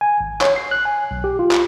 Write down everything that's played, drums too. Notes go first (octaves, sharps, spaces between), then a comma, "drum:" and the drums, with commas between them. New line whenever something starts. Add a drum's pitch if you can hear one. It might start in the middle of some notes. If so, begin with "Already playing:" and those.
G#5
G#1
C#5, drum: clap
C7
F#6
G#5
B1
G4
F4
drum: clap